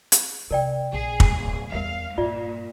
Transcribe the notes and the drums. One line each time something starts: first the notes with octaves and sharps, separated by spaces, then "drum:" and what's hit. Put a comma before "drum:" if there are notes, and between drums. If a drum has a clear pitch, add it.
drum: hi-hat
C3 A#4 D5 G5
A#1 G#4
drum: kick
D1
E2 G3 A#4 E5 F5
G2 A#2 F4 D5 E5